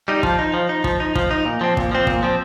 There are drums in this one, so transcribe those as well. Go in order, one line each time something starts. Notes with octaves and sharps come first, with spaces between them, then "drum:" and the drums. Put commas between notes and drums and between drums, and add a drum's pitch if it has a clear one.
G3 D#4
F3, drum: kick
D#4
F3
D#4
F3, drum: kick
D#4
F3, drum: kick
D#4
A#2
F3 C4
A#2, drum: kick
F3 C4
A#2, drum: kick
F3 C4